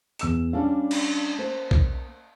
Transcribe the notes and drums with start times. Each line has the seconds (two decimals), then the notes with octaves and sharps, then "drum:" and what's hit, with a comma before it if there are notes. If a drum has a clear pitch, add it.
0.19 E2 E6 E7, drum: hi-hat
0.53 G3 C#4 D4 F5
0.91 drum: cymbal
1.38 A#3 C5
1.71 drum: kick